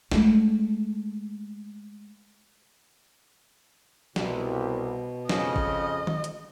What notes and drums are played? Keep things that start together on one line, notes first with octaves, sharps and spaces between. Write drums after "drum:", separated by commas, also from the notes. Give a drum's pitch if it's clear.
G#3 A3, drum: snare
C2 B2, drum: snare
F2 C#3 D#5, drum: snare
drum: kick G#1
drum: tom D#3
drum: hi-hat